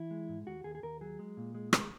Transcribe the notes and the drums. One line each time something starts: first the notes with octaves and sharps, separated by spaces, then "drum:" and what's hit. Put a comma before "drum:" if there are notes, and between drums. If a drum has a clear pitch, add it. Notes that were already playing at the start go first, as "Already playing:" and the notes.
Already playing: E3 E4
G#3
G#2
D#2 F#4
D#2 G#4
G#4
D#2 A#4
F#3 G#4
G#3
A#2
G#3
G#3, drum: rim click